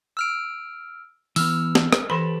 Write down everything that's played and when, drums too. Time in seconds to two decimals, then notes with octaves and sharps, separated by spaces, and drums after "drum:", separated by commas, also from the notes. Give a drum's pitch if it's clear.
0.17 E6 F6 D7
1.36 E3 B3 E6 F6, drum: open hi-hat
1.75 drum: snare
1.93 drum: rim click
2.10 E3 G4 A4 B4 B5